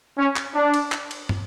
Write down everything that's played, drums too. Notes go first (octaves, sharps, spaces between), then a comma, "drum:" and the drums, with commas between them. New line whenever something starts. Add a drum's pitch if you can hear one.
C#4
drum: clap
D4
drum: cymbal
drum: clap
drum: cymbal
drum: tom